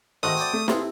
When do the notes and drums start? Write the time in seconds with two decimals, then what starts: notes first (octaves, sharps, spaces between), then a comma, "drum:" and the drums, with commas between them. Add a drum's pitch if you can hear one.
0.23 G#2 D#3 A3 C4 F#4 D#6
0.37 D5 G5 G#5
0.53 A3
0.68 C3 E4 F4 G#4 A4, drum: snare